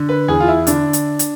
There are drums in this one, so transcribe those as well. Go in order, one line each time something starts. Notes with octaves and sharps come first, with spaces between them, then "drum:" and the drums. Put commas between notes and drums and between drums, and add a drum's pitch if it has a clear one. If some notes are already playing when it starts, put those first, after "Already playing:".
Already playing: D3
B4
E2 G#4
F4
E4
D3 D4, drum: hi-hat
drum: hi-hat
drum: hi-hat